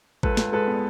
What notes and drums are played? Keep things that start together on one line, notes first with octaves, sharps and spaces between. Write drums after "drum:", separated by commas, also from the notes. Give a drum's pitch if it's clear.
C#2 A4 B4, drum: kick G#1
C#2, drum: snare
G#3 A4 B4
B3